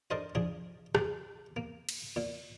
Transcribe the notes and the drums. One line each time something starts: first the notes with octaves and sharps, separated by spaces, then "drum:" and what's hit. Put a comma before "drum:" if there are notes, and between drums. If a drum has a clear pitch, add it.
D4 A4 A#4 C5 D#5
F3 D4 G#4
G3 D5, drum: rim click
A#3
drum: cymbal
A#2